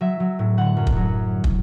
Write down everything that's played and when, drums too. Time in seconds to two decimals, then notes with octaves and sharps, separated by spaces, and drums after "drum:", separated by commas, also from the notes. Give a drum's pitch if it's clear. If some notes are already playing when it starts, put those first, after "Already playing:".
0.01 F#3 E5
0.20 F#3
0.39 A2
0.57 D3 F#5
0.77 F#2
0.87 drum: kick
0.96 F#3
1.44 drum: kick